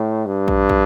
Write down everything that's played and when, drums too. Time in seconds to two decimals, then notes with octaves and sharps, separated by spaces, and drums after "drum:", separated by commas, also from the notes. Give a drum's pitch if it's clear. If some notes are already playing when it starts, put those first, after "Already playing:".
Already playing: A2
0.26 G2
0.48 drum: kick
0.69 drum: kick